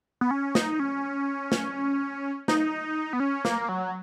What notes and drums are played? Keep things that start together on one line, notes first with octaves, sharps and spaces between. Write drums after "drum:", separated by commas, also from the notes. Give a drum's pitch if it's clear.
B3
C#4
D#4, drum: snare
C#4
drum: snare
D#4, drum: snare
B3
C#4
A#3, drum: snare
F#3